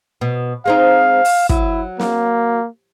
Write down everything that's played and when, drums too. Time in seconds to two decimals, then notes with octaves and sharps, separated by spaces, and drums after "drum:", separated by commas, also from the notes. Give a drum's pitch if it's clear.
0.21 B2
0.66 G#3 C4 D#4 F5
1.25 drum: open hi-hat
1.49 F#3 E4, drum: kick
2.00 A#3, drum: snare